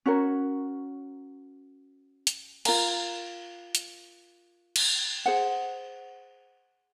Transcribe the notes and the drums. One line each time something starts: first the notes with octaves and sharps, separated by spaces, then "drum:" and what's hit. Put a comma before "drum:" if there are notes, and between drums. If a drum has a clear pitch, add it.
C#4 F#4 A#4 C#5
drum: hi-hat
F4 A#4 F5 A#5, drum: cymbal
drum: hi-hat
drum: cymbal
G#4 C5 F#5